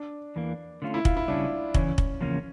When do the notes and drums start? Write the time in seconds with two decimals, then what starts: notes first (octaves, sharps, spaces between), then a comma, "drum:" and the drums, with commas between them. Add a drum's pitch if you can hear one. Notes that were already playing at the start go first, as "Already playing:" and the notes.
Already playing: D4
0.36 E2 E3 A#3
0.82 D3 A3 C#4 F4
0.94 E4
1.05 F4, drum: kick
1.17 E4
1.28 C#3 G3 C#4 D4
1.74 E2 C#3 E3 C#4, drum: kick
1.98 drum: kick
2.21 E2 C#3 F3 A#3 C#4